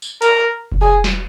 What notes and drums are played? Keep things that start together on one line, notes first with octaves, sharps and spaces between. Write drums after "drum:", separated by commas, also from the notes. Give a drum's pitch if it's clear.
drum: tambourine
A#4, drum: hi-hat
drum: kick F1
G#4
drum: snare